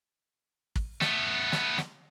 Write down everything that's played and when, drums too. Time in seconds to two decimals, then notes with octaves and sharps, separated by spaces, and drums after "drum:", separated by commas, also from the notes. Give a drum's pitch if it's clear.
0.76 drum: kick
1.01 A3 B3, drum: snare
1.52 drum: snare
1.78 drum: snare